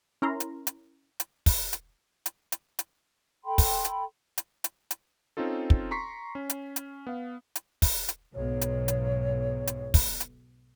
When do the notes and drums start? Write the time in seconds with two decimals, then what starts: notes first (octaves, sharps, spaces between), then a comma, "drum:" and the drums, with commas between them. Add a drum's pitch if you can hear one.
0.22 C#4 E4 A#4 A#5 C6
0.40 drum: hi-hat
0.67 drum: hi-hat
1.20 drum: hi-hat
1.46 drum: kick, open hi-hat
1.73 drum: hi-hat
2.26 drum: hi-hat
2.52 drum: hi-hat
2.79 drum: hi-hat
3.44 A4 G5 B5 C6
3.58 drum: kick, open hi-hat
3.85 drum: hi-hat
4.38 drum: hi-hat
4.64 drum: hi-hat
4.91 drum: hi-hat
5.37 C4 C#4 D#4 F4 A4
5.70 drum: kick
5.91 A#5 C6 C#6 B6 C7
6.35 C#4
6.50 drum: hi-hat
6.76 drum: hi-hat
7.07 B3 F5
7.56 drum: hi-hat
7.82 drum: kick, open hi-hat
8.08 drum: hi-hat
8.35 B1 G#2 C#5
8.61 drum: hi-hat
8.88 drum: hi-hat
9.67 drum: hi-hat
9.94 drum: kick, open hi-hat
10.20 drum: hi-hat